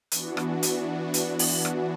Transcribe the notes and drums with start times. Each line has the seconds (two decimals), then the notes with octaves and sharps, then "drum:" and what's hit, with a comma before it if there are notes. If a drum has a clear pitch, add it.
0.11 E3 B3 D4 F#4, drum: hi-hat
0.37 drum: rim click
0.63 drum: hi-hat
1.14 drum: hi-hat
1.39 drum: open hi-hat
1.65 drum: rim click